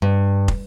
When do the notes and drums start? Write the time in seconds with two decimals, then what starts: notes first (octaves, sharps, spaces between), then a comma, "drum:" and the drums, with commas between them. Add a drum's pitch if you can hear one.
0.02 G2
0.48 drum: kick